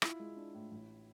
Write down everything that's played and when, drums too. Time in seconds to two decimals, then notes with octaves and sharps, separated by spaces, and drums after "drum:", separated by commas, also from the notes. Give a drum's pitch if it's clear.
0.02 E4 F4, drum: rim click
0.19 G#3
0.36 D4
0.54 A2
0.71 A1